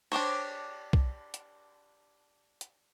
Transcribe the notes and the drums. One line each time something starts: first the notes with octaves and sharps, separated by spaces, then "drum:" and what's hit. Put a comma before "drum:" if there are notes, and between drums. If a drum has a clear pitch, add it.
D4 G4 C5 C#5, drum: cymbal
drum: kick
drum: hi-hat
drum: hi-hat